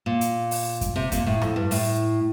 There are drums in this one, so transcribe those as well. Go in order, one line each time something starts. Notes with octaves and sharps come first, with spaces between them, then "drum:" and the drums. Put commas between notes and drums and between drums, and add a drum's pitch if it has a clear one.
A#2
drum: hi-hat
drum: open hi-hat
drum: kick F#2, hi-hat
C3
A#2, drum: kick F#2, hi-hat
A2
F2, drum: rim click
G2
A2, drum: open hi-hat